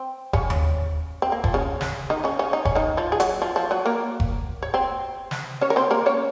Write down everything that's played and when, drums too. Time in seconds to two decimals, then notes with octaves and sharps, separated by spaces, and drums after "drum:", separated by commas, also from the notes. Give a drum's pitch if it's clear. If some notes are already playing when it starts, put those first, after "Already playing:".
Already playing: C4
0.33 C#3 C#4, drum: kick F1
0.50 drum: tom D#2
1.22 C4
1.32 A#3
1.44 F3, drum: kick F1
1.54 C#3 C#4
1.81 drum: snare
2.10 D#3 D#4
2.24 C#3 C#4
2.39 C#3 C#4
2.53 D#4
2.65 C#4, drum: kick F1
2.75 D#3 D#4
2.97 F3 F4
3.12 G#4
3.20 F#3 F#4, drum: hi-hat
3.42 F3 F4
3.56 F3 F4
3.71 F#3 F#4
3.86 A#3 A#4
4.20 drum: kick F1
4.62 C#5
4.74 C4 C5
5.31 drum: snare
5.61 C#4 C#5
5.70 A#4
5.76 C4 C5
5.91 A#3 A#4
6.06 C#4 C#5